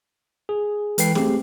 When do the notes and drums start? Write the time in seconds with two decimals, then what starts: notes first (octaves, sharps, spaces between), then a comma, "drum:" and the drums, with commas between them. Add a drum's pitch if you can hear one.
0.49 G#4
0.98 E3 G#3 A4 B4 G5 C7, drum: hi-hat
1.15 A3 C4 G4 G#4, drum: snare C#4